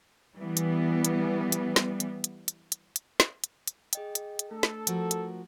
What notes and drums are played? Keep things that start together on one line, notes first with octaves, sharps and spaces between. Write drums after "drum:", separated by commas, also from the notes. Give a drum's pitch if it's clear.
E3 G3 B3
drum: hi-hat
drum: hi-hat
drum: hi-hat
drum: snare
drum: hi-hat
drum: hi-hat
drum: hi-hat
drum: hi-hat
drum: hi-hat
drum: snare
drum: hi-hat
drum: hi-hat
G#4 D#5 G5, drum: hi-hat
drum: hi-hat
drum: hi-hat
A3 D4 A4
drum: snare
F3 F#4 A#4, drum: hi-hat
drum: hi-hat